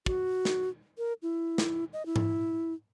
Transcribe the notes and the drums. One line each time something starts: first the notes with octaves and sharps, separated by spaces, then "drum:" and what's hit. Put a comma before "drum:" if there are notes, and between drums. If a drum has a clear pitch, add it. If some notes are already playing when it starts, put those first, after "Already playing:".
F#4, drum: kick
drum: snare
A#4
E4
drum: snare
D#5
E4
drum: tom G#2